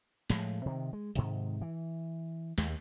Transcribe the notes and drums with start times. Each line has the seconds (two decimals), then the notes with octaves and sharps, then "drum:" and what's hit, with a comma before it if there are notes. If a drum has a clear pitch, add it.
0.30 A2 F3 G#3, drum: snare
0.66 C3 D#3
0.93 G#3
1.15 G#2 C3 D#3, drum: hi-hat
1.61 E3
2.58 D#2, drum: snare